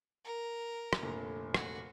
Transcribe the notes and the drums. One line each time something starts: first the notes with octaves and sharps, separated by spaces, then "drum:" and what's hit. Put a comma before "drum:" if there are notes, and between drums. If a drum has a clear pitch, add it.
A#4
drum: rim click
F1 A#2 D3
F#4, drum: rim click